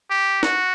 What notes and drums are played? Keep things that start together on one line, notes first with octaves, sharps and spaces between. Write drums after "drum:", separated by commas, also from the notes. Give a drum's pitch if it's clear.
G4
F#4, drum: snare D#4